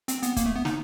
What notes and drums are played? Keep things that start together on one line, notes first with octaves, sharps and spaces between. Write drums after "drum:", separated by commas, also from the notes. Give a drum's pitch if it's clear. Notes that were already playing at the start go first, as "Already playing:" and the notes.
C4, drum: hi-hat
B3, drum: hi-hat
A#3, drum: kick C#1, hi-hat
A3
B3
D#4, drum: snare